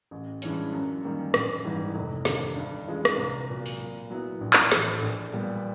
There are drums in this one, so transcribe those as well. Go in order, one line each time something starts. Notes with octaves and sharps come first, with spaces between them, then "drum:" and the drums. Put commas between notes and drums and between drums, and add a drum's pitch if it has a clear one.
A1
G2 E3 G#3 C#4, drum: hi-hat
F#2
D#3 G3 A#3
A#1, drum: rim click
G#2 E3 G3
F1
D#2 D3, drum: snare
G2
E3 G#3 C#4 F4
drum: rim click
C2
A#2 F#3
drum: open hi-hat
A#2
F#3 B3 E4
A#1
drum: clap
A2 E3, drum: snare
A#1
A#2 G3 B3